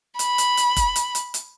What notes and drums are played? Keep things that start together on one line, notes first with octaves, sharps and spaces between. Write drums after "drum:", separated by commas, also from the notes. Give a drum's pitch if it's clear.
B5, drum: hi-hat
drum: hi-hat
drum: hi-hat
drum: kick F1, hi-hat
drum: hi-hat
drum: hi-hat
drum: hi-hat